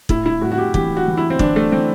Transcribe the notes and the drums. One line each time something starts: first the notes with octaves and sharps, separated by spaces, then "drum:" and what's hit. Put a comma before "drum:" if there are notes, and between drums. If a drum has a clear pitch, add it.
A2 E4, drum: kick
E4
A2 F#4
F#4
G4
E3 G4, drum: kick
F#4
E3
E4
C4
E3 D4, drum: kick
A3
E3 C4